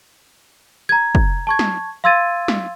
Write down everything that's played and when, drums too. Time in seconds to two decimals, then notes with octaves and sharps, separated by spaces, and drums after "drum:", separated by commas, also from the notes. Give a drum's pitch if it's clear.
0.89 A#5 G#6
1.15 drum: kick
1.47 A5 C#6 G#6
1.59 drum: snare
2.04 F5 C6 E6 G#6 A6 D#7
2.48 drum: snare